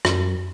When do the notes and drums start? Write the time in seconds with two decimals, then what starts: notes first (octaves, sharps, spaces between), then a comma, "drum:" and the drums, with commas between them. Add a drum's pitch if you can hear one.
0.05 F#2, drum: rim click